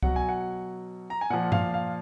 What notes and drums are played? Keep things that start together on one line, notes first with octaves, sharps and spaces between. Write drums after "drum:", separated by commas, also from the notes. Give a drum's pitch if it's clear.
B2 F#3 F#5, drum: kick
G#5
F#5
A#5
G#5
A#2 F3 F#5
F5, drum: tom G2
F5